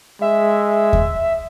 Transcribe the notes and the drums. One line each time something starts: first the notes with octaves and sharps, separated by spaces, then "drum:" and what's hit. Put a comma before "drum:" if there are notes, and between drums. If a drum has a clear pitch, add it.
G#3 E5
drum: kick D#2